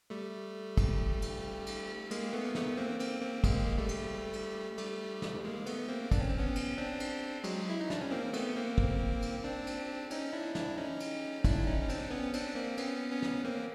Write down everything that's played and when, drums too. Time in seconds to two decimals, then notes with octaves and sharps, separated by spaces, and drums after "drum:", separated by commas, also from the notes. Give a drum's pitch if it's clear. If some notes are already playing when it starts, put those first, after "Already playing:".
0.10 G3 A3
0.77 drum: kick, cymbal
1.22 drum: cymbal
1.66 drum: cymbal
2.11 G#3 A#3, drum: cymbal
2.33 A3 B3
2.45 A#3
2.55 A3 B3, drum: snare
2.77 A#3 C4
3.00 A#3 C4, drum: cymbal
3.21 A#3 C4
3.44 G#3 A#3, drum: kick, cymbal
3.78 G3 A3
3.89 drum: cymbal
4.33 drum: cymbal
4.78 G3 A3, drum: cymbal
5.22 drum: snare
5.44 G#3 A#3
5.66 A3 B3, drum: cymbal
5.88 A#3 C4
6.12 D4, drum: kick, cymbal
6.20 C#4
6.29 C4
6.38 B3 C#4
6.55 drum: cymbal
6.78 C4 D4
7.00 drum: cymbal
7.44 F#3 G#3, drum: cymbal
7.70 E4
7.81 D#4
7.90 D4, drum: snare
8.01 C#4
8.11 A#3 C4
8.33 A3 B3, drum: cymbal
8.56 A#3 C4
8.78 drum: kick
9.22 drum: cymbal
9.44 C4 D4
9.67 drum: cymbal
10.11 C#4 D#4, drum: cymbal
10.33 D4 E4
10.55 D4 E4, drum: snare
10.77 C#4 D#4
11.00 drum: cymbal
11.44 D4 E4, drum: kick, cymbal
11.67 C#4 D#4
11.82 C#4
11.89 C4 D4, drum: cymbal
12.11 B3 C#4
12.33 C4 D4, drum: cymbal
12.55 A#3 C4
12.77 B3 C#4, drum: cymbal
13.11 B3 C#4
13.22 drum: snare
13.45 A#3 C4